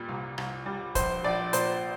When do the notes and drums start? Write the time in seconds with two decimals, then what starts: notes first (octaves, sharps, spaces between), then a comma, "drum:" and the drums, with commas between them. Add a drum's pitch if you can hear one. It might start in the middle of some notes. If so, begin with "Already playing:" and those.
Already playing: A#2 G3
0.09 C2
0.38 C2, drum: rim click
0.66 G3
0.95 A#1 C5, drum: kick, hi-hat
1.24 A#1 D5
1.53 A#2 C5, drum: hi-hat